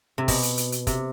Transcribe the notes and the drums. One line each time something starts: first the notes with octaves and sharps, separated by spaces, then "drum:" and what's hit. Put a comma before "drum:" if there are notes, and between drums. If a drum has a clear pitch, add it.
C3
B2, drum: kick, open hi-hat
drum: hi-hat
drum: hi-hat
drum: hi-hat
C3, drum: kick, hi-hat